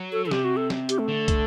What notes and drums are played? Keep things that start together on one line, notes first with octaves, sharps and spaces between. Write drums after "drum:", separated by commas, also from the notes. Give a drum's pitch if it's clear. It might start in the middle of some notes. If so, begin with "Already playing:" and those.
Already playing: F#3
A4
A4
C3 G4, drum: snare
F#4
A4
drum: snare
G4, drum: hi-hat
A3
D3
drum: kick, hi-hat